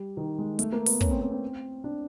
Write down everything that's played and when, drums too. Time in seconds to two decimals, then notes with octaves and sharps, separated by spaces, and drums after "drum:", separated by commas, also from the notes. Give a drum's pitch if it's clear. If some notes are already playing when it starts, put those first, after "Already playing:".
Already playing: G3
0.17 D#3
0.39 G#3
0.59 A3, drum: hi-hat
0.72 A#3
0.86 B3, drum: open hi-hat
1.01 C#4, drum: kick
1.11 C4
1.21 C4
1.32 C4
1.84 D4